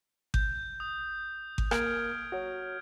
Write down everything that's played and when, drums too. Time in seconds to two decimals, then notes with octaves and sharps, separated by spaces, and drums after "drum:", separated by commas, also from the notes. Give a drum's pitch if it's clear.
0.34 G6, drum: kick G#1
0.80 D#6
1.58 drum: kick G#1
1.71 A#3 A#4 F6 G#6 D7, drum: rim click
2.32 F#4 C#5